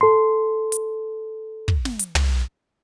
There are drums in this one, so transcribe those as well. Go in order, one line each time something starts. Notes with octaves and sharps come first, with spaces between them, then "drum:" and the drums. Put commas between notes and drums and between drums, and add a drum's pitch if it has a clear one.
A4 C6
drum: hi-hat
drum: kick
drum: snare
drum: hi-hat
drum: tom